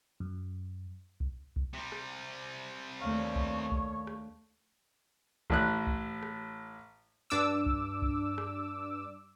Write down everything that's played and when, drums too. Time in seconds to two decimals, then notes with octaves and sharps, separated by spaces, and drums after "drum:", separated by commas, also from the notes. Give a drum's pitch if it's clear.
0.20 F#2
1.20 drum: kick C2
1.56 drum: kick C2
1.73 C3 G3
1.92 drum: rim click
3.01 D#2 A3 D4 C#5 F5
3.36 drum: kick C2
3.71 drum: kick C2
4.07 drum: rim click
5.50 A1 A2 F#6, drum: kick C2
5.87 drum: kick C2
6.23 drum: rim click
7.30 G2 D4 D6 E6
7.66 drum: kick C2
8.02 drum: kick C2
8.38 drum: rim click